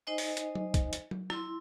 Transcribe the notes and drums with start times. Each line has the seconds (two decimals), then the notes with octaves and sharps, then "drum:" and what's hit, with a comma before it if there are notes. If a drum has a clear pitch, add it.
0.07 D#4 C5 D#5 G#5
0.18 drum: open hi-hat
0.37 drum: hi-hat
0.55 drum: tom F#3
0.74 drum: kick, hi-hat
0.93 drum: hi-hat
1.11 drum: tom F#3
1.30 E4 C6, drum: rim click